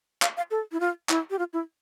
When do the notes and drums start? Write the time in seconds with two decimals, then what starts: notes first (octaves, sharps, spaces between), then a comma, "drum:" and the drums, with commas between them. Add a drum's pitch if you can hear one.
0.22 F5, drum: clap
0.37 F5
0.51 A4
0.72 E4
0.80 F4
1.09 E4, drum: clap
1.30 G4
1.39 F4
1.53 E4